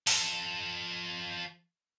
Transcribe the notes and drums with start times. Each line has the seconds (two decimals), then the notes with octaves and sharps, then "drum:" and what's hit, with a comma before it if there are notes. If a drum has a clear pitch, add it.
0.07 F3 A4, drum: open hi-hat